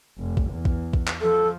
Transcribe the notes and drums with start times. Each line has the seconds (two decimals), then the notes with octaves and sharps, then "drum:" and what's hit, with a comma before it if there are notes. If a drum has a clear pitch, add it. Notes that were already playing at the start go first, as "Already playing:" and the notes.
0.19 F1
0.37 drum: kick
0.51 E2
0.65 drum: kick
0.93 drum: kick
1.08 drum: clap
1.22 F3 A4